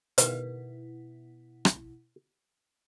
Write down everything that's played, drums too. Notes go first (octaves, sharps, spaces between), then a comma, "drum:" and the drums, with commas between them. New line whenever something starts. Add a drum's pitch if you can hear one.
G1 B2 D#3 E4 B4, drum: hi-hat
drum: rim click